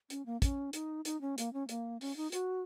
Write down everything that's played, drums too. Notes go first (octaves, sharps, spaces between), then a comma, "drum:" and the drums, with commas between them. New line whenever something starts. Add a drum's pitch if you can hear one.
C#4, drum: hi-hat
A#3
C#4, drum: kick, hi-hat
D#4, drum: hi-hat
D#4, drum: hi-hat
C#4
A#3, drum: hi-hat
C#4
A#3, drum: hi-hat
C#4, drum: open hi-hat
D#4
F#4, drum: hi-hat